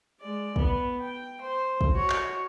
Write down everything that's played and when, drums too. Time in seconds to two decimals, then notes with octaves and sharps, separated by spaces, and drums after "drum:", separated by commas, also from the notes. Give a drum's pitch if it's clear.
0.21 G#3 D5
0.56 B3, drum: kick
1.01 G5
1.41 C5
1.81 drum: kick
1.93 F#4 C#5
2.10 drum: clap